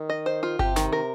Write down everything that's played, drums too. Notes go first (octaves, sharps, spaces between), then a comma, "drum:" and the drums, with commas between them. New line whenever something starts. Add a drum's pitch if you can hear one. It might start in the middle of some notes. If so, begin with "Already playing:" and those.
Already playing: D#3
D#5
C5
F4
C3 G4, drum: kick G1
D#3, drum: snare
A#4